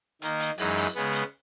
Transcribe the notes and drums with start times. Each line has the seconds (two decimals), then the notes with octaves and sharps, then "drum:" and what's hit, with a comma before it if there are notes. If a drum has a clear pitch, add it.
0.22 D#3 A#3 D#4, drum: hi-hat
0.40 drum: hi-hat
0.58 F#2 E3 G#3 D#4, drum: open hi-hat
0.76 drum: open hi-hat
0.94 C#3 G#3 B3
1.12 drum: hi-hat